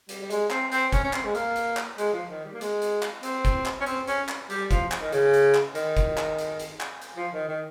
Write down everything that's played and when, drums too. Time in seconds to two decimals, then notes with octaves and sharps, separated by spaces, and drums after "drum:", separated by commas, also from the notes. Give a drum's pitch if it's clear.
0.09 G3, drum: hi-hat
0.22 G3
0.30 G#3, drum: hi-hat
0.51 C4, drum: clap
0.72 C4, drum: hi-hat
0.92 C#4, drum: kick, hi-hat
1.04 C#4
1.13 C4, drum: clap
1.24 G#3
1.35 A#3, drum: hi-hat
1.56 drum: hi-hat
1.77 drum: clap
1.98 G#3, drum: hi-hat
2.13 F3
2.30 D#3
2.45 G3
2.53 A#3
2.61 G#3, drum: hi-hat
2.82 drum: hi-hat
3.03 drum: clap
3.23 C4, drum: hi-hat
3.45 drum: kick, hi-hat
3.66 drum: clap
3.81 C#4
3.86 C4, drum: hi-hat
4.08 C#4, drum: hi-hat
4.29 drum: clap
4.50 G3, drum: hi-hat
4.71 F3, drum: kick, hi-hat
4.92 drum: clap
5.01 D#3
5.12 C#3, drum: hi-hat
5.34 drum: hi-hat
5.55 drum: clap
5.75 D#3, drum: hi-hat
5.97 drum: kick, hi-hat
6.18 drum: clap
6.39 drum: hi-hat
6.60 drum: hi-hat
6.81 drum: clap
7.02 drum: hi-hat
7.17 F3
7.33 D#3
7.49 D#3